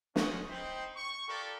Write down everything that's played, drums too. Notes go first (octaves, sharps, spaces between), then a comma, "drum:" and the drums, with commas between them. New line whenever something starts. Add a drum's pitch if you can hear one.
C#4 D#4 F#4 C5 D#5, drum: snare
C4 D#4 C5 G5 B5
C#6
F4 G4 A4 A#4 D5